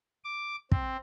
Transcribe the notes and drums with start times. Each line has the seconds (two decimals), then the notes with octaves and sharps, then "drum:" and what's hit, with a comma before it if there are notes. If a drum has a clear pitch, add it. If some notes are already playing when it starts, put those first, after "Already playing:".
0.24 D6
0.72 C4, drum: kick